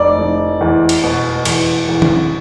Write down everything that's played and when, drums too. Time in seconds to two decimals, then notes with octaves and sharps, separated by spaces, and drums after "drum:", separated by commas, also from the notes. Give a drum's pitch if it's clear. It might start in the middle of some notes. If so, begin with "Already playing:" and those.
Already playing: F1 D5
0.18 F1
0.61 E2
0.89 drum: cymbal
1.04 B2
1.45 E2, drum: cymbal
1.89 E2
2.02 drum: tom D#3